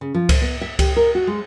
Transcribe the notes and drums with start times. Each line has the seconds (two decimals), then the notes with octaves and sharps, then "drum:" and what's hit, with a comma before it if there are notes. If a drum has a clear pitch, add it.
0.01 C#3
0.14 F3
0.29 C5, drum: kick C#2, cymbal
0.42 B3
0.61 E5
0.79 G4, drum: kick C#2, cymbal
0.97 A#4
1.15 F#4
1.27 G#3